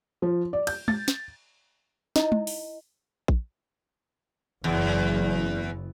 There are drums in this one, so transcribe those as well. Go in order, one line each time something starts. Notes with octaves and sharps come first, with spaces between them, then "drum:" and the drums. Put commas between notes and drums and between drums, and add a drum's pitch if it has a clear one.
F3
D5
G6, drum: cymbal
A6, drum: tom
drum: snare
D#4 E4 D#5, drum: snare
drum: tom
drum: open hi-hat
drum: kick A#1
F#1 E2